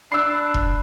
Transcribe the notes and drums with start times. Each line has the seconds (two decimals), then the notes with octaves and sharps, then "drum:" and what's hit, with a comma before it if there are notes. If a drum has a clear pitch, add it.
0.12 D4 B5 E6 F#6 C7
0.54 drum: kick E1